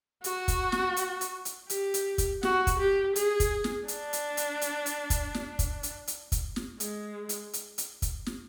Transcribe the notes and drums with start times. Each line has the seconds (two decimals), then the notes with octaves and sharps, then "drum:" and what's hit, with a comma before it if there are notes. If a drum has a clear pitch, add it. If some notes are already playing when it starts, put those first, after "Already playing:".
0.24 F#4, drum: hi-hat
0.48 drum: kick, hi-hat
0.72 drum: snare
0.97 drum: hi-hat
1.21 drum: hi-hat
1.45 drum: hi-hat
1.70 G4, drum: hi-hat
1.94 drum: hi-hat
2.18 drum: kick, hi-hat
2.43 F#4, drum: snare
2.67 drum: kick, hi-hat
2.79 G4
3.16 G#4, drum: hi-hat
3.40 drum: kick, hi-hat
3.64 drum: snare
3.88 D4, drum: hi-hat
4.13 drum: hi-hat
4.37 drum: hi-hat
4.61 drum: hi-hat
4.86 drum: hi-hat
5.10 drum: kick, hi-hat
5.34 drum: snare
5.59 drum: kick, hi-hat
5.83 drum: hi-hat
6.07 drum: hi-hat
6.32 drum: kick, hi-hat
6.56 drum: snare
6.80 G#3, drum: hi-hat
7.29 drum: hi-hat
7.53 drum: hi-hat
7.78 drum: hi-hat
8.02 drum: kick, hi-hat
8.26 drum: snare